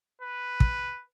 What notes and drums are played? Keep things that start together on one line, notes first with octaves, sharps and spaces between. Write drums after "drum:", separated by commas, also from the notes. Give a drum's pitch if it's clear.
B4
drum: kick